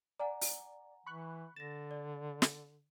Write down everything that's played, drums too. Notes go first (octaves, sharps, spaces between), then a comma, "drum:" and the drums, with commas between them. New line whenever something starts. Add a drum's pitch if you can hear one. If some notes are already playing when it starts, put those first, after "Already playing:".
D5 F#5 G#5 A#5
drum: open hi-hat
E3 B5 C#6 F#6
D3 A6 A#6 E7
D5
drum: snare